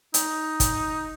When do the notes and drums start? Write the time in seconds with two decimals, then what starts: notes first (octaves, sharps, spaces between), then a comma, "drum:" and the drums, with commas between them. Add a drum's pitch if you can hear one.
0.14 D#4, drum: hi-hat
0.60 drum: kick, hi-hat